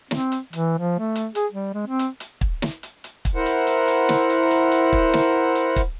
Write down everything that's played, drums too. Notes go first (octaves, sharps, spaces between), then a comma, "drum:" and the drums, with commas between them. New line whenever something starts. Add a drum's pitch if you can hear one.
C4, drum: snare
drum: hi-hat
E3, drum: hi-hat
F3
A3
drum: hi-hat
G#4, drum: hi-hat
G3
G#3
C4
drum: hi-hat
drum: hi-hat
drum: kick
drum: snare
drum: hi-hat
drum: hi-hat
drum: kick, hi-hat
E4 A#4 C5 F#5
drum: hi-hat
drum: hi-hat
drum: hi-hat
drum: snare
drum: hi-hat
drum: hi-hat
drum: hi-hat
drum: kick
drum: snare
drum: hi-hat
drum: kick, hi-hat